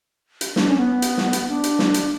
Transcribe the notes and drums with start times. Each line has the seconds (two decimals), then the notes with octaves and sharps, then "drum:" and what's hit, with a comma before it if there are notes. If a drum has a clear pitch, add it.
0.41 drum: hi-hat
0.56 D4, drum: snare
0.67 C#4
0.77 B3
1.02 drum: hi-hat
1.18 drum: snare
1.33 drum: hi-hat
1.48 D4
1.64 drum: hi-hat
1.79 drum: snare
1.94 drum: hi-hat